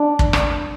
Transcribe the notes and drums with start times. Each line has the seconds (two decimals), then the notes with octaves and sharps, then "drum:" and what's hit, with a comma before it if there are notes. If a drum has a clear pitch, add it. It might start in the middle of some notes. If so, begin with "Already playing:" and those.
Already playing: D4
0.19 drum: kick
0.33 drum: rim click